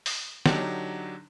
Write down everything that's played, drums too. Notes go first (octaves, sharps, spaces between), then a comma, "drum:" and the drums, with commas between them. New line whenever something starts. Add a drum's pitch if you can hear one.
drum: open hi-hat
D3 F#3 D4 D#4 G4, drum: snare